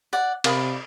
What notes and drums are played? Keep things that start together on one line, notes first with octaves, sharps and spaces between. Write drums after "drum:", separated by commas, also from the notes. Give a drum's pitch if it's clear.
D5 F#5
C3 A#4 D5 F5 B5 D#6, drum: cymbal